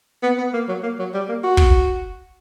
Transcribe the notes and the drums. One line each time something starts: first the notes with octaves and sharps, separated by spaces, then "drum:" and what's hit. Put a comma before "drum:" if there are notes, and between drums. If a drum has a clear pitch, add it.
B3
B3
A#3
F#3
A#3
F#3
G3
A#3
F#4
drum: kick